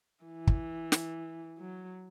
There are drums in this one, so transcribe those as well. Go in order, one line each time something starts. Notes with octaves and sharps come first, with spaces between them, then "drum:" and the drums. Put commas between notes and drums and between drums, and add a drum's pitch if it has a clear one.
E3
drum: kick
drum: snare
F#3